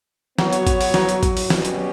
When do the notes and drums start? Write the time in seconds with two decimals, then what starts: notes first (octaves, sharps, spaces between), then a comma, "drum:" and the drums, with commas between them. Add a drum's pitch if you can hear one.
0.38 F#3 B3 F#4 C#5, drum: snare
0.53 drum: hi-hat
0.67 drum: kick A1, hi-hat
0.81 drum: open hi-hat
0.94 F#3, drum: snare
1.09 drum: hi-hat
1.23 drum: kick A1, hi-hat
1.37 drum: open hi-hat
1.50 B2 G3 C#4 G4, drum: snare
1.65 drum: hi-hat